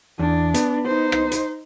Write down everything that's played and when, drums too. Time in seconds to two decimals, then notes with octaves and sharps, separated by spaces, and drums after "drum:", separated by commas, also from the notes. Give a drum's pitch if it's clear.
0.19 E2 D4
0.54 B3, drum: hi-hat
0.86 D#4 C5
1.12 drum: rim click
1.32 drum: hi-hat